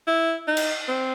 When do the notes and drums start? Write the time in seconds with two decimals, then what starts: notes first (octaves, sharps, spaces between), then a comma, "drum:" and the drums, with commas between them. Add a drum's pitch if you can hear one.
0.07 E4
0.48 D#4
0.57 drum: cymbal
0.88 C4